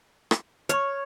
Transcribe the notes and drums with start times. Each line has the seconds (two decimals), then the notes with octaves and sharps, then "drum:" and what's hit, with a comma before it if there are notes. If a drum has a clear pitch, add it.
0.31 drum: rim click
0.69 C#5 C#6 F6, drum: hi-hat